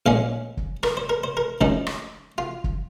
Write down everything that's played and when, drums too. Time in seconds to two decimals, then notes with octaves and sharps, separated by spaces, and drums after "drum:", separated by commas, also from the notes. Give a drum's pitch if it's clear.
0.06 A#1 A#2 G#3 C#4 F5
0.57 drum: kick
0.83 A#4, drum: rim click
0.97 C5
1.09 A#4
1.24 C5
1.37 A#4
1.61 F#2 C#3 F3 G#3 D#4, drum: kick
1.87 drum: rim click
2.38 F4
2.64 drum: kick